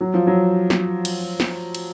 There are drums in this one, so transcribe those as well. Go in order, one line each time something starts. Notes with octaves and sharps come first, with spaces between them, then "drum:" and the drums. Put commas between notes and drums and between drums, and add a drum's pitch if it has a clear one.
F#3
F3
F#3
drum: snare
drum: cymbal
drum: snare
drum: cymbal